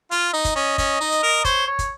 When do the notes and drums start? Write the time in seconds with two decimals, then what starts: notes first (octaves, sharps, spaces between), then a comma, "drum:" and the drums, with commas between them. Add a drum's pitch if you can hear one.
0.11 F4 F5, drum: hi-hat
0.33 D#4 D#5
0.45 drum: kick, hi-hat
0.56 C#4 D#5
0.78 C#4, drum: kick, hi-hat
1.01 D#4
1.12 drum: hi-hat
1.23 A#4
1.45 C5 C#5, drum: kick, hi-hat
1.67 C#5
1.79 drum: kick, hi-hat